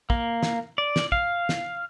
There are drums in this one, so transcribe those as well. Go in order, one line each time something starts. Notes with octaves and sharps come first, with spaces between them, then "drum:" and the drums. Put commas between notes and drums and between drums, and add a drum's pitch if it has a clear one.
A#3, drum: kick
drum: snare
D5
drum: snare
F5, drum: kick
drum: snare